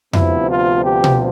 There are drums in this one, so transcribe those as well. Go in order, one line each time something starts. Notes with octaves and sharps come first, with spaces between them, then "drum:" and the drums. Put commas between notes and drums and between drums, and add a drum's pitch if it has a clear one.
D2 C3 F3 B3 E4, drum: tom F2
F4
G4
drum: tom B2